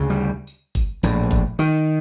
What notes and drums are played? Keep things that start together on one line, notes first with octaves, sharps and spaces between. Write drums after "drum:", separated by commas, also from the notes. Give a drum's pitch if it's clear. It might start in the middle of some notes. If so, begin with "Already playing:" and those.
Already playing: D2 C#3
G3
drum: tambourine
drum: kick, tambourine
A#1 A2, drum: tambourine
drum: kick, tambourine
D#3, drum: tambourine